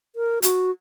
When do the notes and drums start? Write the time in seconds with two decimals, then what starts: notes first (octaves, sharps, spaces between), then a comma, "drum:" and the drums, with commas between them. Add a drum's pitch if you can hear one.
0.16 A#4
0.42 F#4, drum: hi-hat